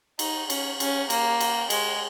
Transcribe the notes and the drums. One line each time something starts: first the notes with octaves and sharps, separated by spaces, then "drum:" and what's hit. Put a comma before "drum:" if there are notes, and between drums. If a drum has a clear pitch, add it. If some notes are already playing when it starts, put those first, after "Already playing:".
D#4, drum: cymbal
C#4, drum: cymbal
C#4, drum: cymbal
A#3, drum: cymbal
drum: cymbal
G#3, drum: cymbal